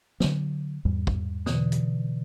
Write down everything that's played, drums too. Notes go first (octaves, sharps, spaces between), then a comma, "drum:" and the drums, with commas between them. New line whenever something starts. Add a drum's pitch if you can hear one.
D3 F#3, drum: snare
E2 G#2 G3
drum: kick
B2 D3 E3, drum: snare
drum: hi-hat